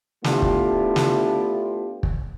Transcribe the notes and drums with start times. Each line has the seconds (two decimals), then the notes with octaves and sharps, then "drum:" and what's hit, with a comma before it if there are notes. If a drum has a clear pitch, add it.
0.24 A3 B3 D4 E4 F4 G4, drum: snare
0.42 drum: kick
0.96 drum: snare
2.03 drum: kick